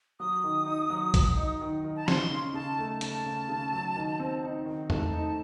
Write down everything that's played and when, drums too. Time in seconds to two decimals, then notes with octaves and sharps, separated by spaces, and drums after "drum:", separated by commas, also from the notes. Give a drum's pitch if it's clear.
0.20 F#3 D#6
0.44 D#3
0.66 D#4
0.90 F#3
1.14 F#3, drum: kick, hi-hat
1.37 D#4
1.61 D#3
1.85 D#3
1.96 A5
2.08 C#3 C6, drum: snare
2.31 C#3
2.54 C#3 A5
2.79 A3
3.01 C#3 A5, drum: hi-hat
3.26 C#3
3.49 C#3
3.73 F#3
3.96 D#3
4.19 C4
4.43 D#4
4.66 D#3
4.90 A3 A5, drum: tom E2
5.13 D#4